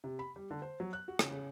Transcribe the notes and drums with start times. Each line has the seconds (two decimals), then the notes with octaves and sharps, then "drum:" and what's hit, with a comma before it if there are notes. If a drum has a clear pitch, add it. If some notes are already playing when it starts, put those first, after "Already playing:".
0.04 C3
0.19 B5
0.36 G3
0.51 D3
0.62 C5
0.80 F#3
0.93 F#6
1.08 F#4
1.19 C#3, drum: rim click
1.32 C#3